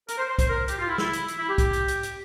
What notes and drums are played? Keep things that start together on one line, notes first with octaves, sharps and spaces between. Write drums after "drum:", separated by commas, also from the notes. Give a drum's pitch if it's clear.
A#4, drum: hi-hat
C5
C5
C5, drum: kick, hi-hat
A#4
G4, drum: hi-hat
F4
E4
E4, drum: snare
drum: hi-hat
drum: hi-hat
E4
G4
drum: kick, hi-hat
drum: hi-hat
drum: hi-hat
drum: hi-hat